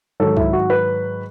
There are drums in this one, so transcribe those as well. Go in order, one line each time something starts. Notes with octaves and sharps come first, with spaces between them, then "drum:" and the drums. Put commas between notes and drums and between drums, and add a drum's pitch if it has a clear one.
G#2 D#3 F#3 A4
E4, drum: kick C2
F#4
B4